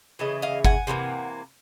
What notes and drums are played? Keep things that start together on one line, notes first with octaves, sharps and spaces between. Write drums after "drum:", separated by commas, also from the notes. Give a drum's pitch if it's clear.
C#3 E3 A3 D#5
D#5 F5
F#5 G#5, drum: kick G1
C3 E3 G3 A#3